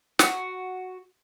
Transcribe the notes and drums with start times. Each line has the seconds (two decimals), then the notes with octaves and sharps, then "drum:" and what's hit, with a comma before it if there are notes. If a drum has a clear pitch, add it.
0.19 F#4, drum: snare